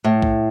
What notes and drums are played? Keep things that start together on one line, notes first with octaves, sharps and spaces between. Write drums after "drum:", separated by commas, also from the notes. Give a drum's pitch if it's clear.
A2
drum: kick